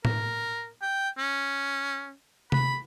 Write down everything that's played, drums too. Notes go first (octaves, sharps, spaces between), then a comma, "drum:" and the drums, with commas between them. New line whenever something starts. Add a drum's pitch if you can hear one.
A#4, drum: tom A2
G5
C#4
B5, drum: tom C3